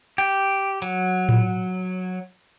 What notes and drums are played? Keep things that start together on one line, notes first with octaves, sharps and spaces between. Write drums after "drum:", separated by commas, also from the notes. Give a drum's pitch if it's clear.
G4, drum: hi-hat
F#3, drum: hi-hat
drum: tom A2